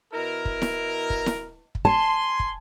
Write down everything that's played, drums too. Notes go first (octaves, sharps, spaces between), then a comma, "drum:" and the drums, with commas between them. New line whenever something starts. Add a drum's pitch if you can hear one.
B2 E4 A#4
drum: kick
drum: snare E4
drum: kick
drum: snare E4
drum: kick
G#5 A5 C6
drum: kick